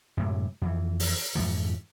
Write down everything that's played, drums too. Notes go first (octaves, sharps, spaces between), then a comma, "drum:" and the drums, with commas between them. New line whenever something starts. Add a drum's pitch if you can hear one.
F#2 A2 C3 G#3
F2 E3
drum: open hi-hat
F2 G#2 E3 F3